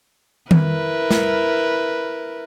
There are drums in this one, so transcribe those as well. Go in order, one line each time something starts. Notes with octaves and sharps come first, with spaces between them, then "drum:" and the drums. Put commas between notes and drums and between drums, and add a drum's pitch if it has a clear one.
E4 A#4 B4, drum: tom D#3
drum: snare